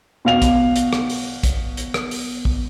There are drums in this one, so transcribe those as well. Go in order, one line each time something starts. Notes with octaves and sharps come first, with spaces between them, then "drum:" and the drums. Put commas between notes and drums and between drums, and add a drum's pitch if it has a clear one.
B2 F5 F7
drum: kick, hi-hat
drum: hi-hat
drum: rim click
drum: open hi-hat
drum: kick, hi-hat
drum: hi-hat
drum: rim click
drum: open hi-hat
drum: kick